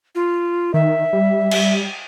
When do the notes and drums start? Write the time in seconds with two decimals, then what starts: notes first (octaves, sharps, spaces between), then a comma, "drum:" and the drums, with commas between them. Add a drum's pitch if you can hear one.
0.15 F4
0.74 D#3 E5
1.13 G3
1.51 drum: cymbal